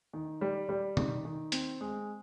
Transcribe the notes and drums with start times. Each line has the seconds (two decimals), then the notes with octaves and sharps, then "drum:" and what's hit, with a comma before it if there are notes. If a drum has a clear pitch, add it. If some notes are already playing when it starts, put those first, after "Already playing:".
0.13 D#3
0.41 G3
0.69 G3
0.97 D#3, drum: tom B2
1.25 D#3
1.52 C4, drum: hi-hat
1.81 G#3